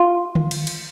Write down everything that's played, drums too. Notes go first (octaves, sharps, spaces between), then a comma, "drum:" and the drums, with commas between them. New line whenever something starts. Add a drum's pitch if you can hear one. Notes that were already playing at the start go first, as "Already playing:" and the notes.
Already playing: F4
drum: tom D3
drum: cymbal
drum: cymbal